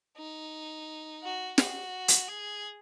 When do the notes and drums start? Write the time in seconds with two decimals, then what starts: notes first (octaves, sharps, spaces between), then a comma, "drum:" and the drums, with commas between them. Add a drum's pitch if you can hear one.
0.17 D#4
1.23 F#4
1.58 F#4, drum: snare
2.08 drum: hi-hat
2.28 G#4